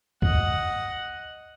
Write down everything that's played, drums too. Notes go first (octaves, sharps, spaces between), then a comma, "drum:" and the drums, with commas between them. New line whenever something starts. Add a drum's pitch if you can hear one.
D#5 F#5, drum: kick